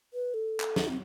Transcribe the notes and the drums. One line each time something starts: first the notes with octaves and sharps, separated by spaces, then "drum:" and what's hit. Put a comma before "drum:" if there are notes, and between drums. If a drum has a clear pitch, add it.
B4
A4
drum: clap
drum: snare
C4